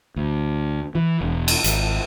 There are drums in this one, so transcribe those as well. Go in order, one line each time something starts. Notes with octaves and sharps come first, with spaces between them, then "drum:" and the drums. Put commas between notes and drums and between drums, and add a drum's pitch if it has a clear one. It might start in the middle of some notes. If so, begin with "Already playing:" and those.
D2
E3
E1
drum: cymbal
G#1, drum: hi-hat